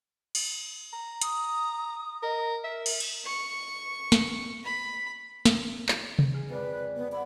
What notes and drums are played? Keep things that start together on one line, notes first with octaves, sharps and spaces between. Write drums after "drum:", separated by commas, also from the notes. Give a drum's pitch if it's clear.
drum: cymbal
A#5
D#6, drum: hi-hat
A#4 D#5
A#4 E5
drum: cymbal
drum: cymbal
C#6
drum: snare
B5
drum: snare
drum: clap
drum: tom C3
G#4 F6
F2 G#3 B4 D5
B3
D5 E5 F#5 B5